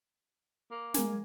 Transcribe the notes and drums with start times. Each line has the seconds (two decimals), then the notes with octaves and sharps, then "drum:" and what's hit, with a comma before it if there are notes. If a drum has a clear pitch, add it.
0.71 A#3
0.94 G#3 A#4 G#5, drum: snare